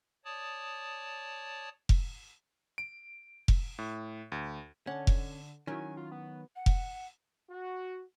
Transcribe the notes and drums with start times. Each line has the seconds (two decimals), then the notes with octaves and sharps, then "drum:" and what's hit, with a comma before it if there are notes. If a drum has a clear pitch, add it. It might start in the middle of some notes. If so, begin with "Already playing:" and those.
0.25 C#5 D5 A5 D#6
1.89 drum: kick F1
2.78 D7
3.48 drum: kick F1
3.79 A2
4.32 D2
4.87 D3 C#4 F#5 A5
5.07 drum: kick F1
5.67 D#3 F#3 C#4 E4 G#5
5.97 F4
6.12 B3
6.56 F#5
6.66 drum: kick F1
7.49 F#4